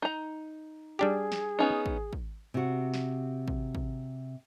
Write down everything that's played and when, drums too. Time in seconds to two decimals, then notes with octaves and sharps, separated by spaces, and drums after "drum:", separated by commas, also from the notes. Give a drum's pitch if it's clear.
0.02 D#4 A#5
0.99 G3 D4 G4 G#4
1.32 drum: snare
1.59 B3 C#4 D#4
1.86 drum: kick
2.13 drum: kick
2.54 C3 F#4
2.94 drum: snare
3.48 drum: kick
3.75 drum: kick